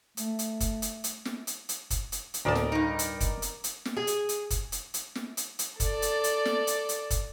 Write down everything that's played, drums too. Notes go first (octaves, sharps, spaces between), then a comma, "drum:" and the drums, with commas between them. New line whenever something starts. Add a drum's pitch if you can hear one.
A3, drum: hi-hat
drum: hi-hat
drum: kick, hi-hat
drum: hi-hat
drum: hi-hat
drum: snare
drum: hi-hat
drum: hi-hat
drum: kick, hi-hat
drum: hi-hat
drum: hi-hat
D2 A2 A#4 D5 D#5 A5
drum: snare
G2 D#4
drum: hi-hat
drum: kick, hi-hat
drum: hi-hat
drum: hi-hat
drum: snare
G#4
drum: hi-hat
drum: hi-hat
drum: kick, hi-hat
drum: hi-hat
drum: hi-hat
drum: snare
drum: hi-hat
drum: hi-hat
A4 D5, drum: kick, hi-hat
drum: hi-hat
drum: hi-hat
drum: snare
drum: hi-hat
drum: hi-hat
drum: kick, hi-hat